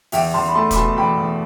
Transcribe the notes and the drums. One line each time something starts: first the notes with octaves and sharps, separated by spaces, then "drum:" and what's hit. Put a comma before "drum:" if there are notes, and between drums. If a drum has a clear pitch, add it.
E2 E5 G5, drum: open hi-hat
E2 A5 C6
B5
A3 A5 C6
B5, drum: kick, hi-hat
B2 A5 C6
E2 G5 B5
E2